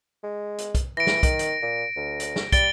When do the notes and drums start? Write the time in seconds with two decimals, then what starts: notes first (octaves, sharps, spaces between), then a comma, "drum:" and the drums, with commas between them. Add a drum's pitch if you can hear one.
0.23 G#3
0.58 drum: hi-hat
0.75 drum: kick, hi-hat
0.97 E3 A#6 D7
1.07 drum: snare
1.23 D#3, drum: kick, hi-hat
1.39 drum: hi-hat
1.62 A#2
1.96 D2
2.20 drum: hi-hat
2.36 drum: snare
2.52 G3 A6 D7 G7, drum: kick, hi-hat